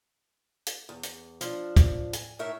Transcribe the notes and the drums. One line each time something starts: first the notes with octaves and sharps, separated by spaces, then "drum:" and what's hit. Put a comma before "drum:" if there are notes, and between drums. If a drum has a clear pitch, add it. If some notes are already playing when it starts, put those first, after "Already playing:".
drum: hi-hat
E2
drum: hi-hat
F3 D4, drum: hi-hat
drum: kick, hi-hat
G#5, drum: hi-hat
A2 D#4 A#4 C#5 E5